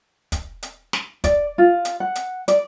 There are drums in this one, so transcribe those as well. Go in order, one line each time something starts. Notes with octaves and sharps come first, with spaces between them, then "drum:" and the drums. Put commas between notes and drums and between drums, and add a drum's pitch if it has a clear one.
drum: kick, hi-hat
drum: hi-hat
drum: snare
D5, drum: kick, hi-hat
F4
drum: hi-hat
F#5
drum: hi-hat
D5, drum: hi-hat